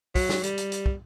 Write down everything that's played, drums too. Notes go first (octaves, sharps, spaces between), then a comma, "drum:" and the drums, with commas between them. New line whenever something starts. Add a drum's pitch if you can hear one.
F#3, drum: kick, open hi-hat
drum: snare
G3, drum: hi-hat
drum: hi-hat
drum: hi-hat
drum: kick